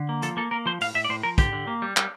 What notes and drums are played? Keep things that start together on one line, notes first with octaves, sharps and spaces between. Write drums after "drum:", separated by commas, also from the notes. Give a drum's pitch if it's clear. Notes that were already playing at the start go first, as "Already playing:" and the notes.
Already playing: D3
A#3
F3 A4, drum: hi-hat
A#3 A4
A#3 A#4
F3 C5
A2 F5, drum: open hi-hat
A2 E5
D5
A2 C5
F3 A#4
D3 G4, drum: kick, hi-hat
D3
A#3
G3
G3, drum: clap